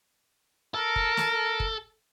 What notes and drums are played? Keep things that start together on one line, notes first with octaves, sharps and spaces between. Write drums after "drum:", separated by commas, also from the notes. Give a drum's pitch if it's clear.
A4 A#4
drum: kick
drum: snare
drum: kick